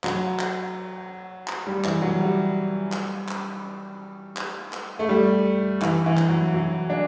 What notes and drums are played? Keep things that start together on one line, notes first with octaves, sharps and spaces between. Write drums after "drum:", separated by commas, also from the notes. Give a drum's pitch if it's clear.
F#3, drum: clap
drum: clap
drum: clap
G3
E3, drum: clap
F#3
G3
drum: clap
drum: clap
drum: clap
drum: clap
A3
G3
E3, drum: clap
E3
drum: clap
F#3
F#3
D4